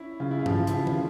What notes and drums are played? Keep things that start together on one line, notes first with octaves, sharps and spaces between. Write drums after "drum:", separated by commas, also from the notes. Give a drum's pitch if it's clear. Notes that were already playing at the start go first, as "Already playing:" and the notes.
Already playing: C#4 E4
C#3 F4
E4
F4
F3 G4, drum: tom G2
E4, drum: hi-hat
C#3 F4
drum: tom